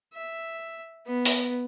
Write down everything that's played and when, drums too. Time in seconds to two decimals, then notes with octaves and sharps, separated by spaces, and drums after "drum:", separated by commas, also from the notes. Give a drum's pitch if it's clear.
0.14 E5
1.06 B3
1.25 drum: open hi-hat